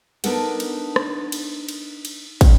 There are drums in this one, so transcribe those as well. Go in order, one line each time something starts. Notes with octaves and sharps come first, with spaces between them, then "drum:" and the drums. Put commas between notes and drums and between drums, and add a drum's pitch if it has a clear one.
B3 D4 D#4 A4 A#4 F#5, drum: cymbal
drum: cymbal
drum: rim click
drum: cymbal
drum: cymbal
drum: cymbal
drum: kick, cymbal